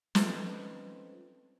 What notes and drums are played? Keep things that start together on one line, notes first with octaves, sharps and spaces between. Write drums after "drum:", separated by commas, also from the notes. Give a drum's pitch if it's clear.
C4 C#4 D#4 F4 A4 B4, drum: snare